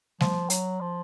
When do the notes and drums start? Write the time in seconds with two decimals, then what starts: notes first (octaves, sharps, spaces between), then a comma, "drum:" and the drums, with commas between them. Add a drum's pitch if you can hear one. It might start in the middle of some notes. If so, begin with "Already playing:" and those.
0.21 F3, drum: snare G3
0.50 F#3, drum: hi-hat
0.80 F3